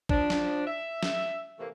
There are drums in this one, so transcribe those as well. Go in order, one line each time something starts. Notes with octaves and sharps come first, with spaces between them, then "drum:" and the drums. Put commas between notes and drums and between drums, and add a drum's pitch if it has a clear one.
F3 D4, drum: kick
drum: snare
E5
drum: snare
C3 E3 A3 A#3